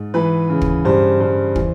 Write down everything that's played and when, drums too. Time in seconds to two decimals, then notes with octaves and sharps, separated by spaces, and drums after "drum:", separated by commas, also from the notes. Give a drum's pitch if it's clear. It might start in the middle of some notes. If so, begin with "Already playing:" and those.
Already playing: G#2
0.14 E3 B4
0.50 C#3
0.62 drum: kick
0.85 G2 C5
1.20 G2
1.56 E3, drum: kick